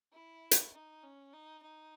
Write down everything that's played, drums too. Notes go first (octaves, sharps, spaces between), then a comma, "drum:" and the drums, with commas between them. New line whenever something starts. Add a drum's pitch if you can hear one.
E4
drum: hi-hat
D#4
C#4
D#4
D#4